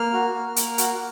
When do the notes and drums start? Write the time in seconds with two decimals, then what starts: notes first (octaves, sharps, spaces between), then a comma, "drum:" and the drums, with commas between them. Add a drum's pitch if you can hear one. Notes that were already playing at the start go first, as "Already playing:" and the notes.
Already playing: A#3 F6
0.13 F#4
0.35 A#3
0.56 A#3, drum: hi-hat
0.78 F#4, drum: hi-hat